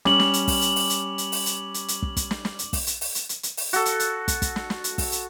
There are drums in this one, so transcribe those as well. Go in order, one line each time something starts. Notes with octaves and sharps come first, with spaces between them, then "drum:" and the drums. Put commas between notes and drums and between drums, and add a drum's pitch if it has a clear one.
G3 C#4 D6 F#7, drum: snare
drum: snare
drum: hi-hat
drum: kick, open hi-hat
drum: hi-hat
drum: open hi-hat
drum: hi-hat
drum: hi-hat
drum: open hi-hat
drum: hi-hat
drum: hi-hat
drum: hi-hat
drum: kick
drum: kick, hi-hat
drum: snare
drum: snare
drum: hi-hat
drum: kick, open hi-hat
drum: hi-hat
drum: open hi-hat
drum: hi-hat
drum: hi-hat
drum: hi-hat
drum: open hi-hat
F#4 A4, drum: hi-hat
drum: hi-hat
drum: hi-hat
drum: kick, hi-hat
drum: kick, hi-hat
drum: snare
drum: snare
drum: hi-hat
drum: kick, open hi-hat
drum: hi-hat